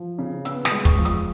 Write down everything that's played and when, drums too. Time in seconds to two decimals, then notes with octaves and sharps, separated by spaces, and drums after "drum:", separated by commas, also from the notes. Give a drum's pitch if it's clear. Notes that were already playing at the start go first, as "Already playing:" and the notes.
Already playing: F3
0.19 C#3
0.45 B3 E6, drum: hi-hat
0.65 D#6, drum: snare
0.72 G#3
0.85 C#6, drum: kick, hi-hat
0.98 F3
1.05 D#6, drum: hi-hat